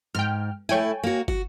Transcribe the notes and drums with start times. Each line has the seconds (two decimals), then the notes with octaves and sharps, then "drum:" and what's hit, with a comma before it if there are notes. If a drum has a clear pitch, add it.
0.15 G#2 G5 F6
0.69 A3 E4 C#5 G5 G#5
1.04 A#3 F#4
1.28 F#4, drum: kick